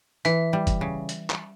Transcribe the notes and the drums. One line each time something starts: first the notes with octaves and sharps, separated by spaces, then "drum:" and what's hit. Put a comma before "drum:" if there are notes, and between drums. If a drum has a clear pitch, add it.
E3 E5, drum: hi-hat
G3
drum: kick, hi-hat
C#3
drum: hi-hat
drum: clap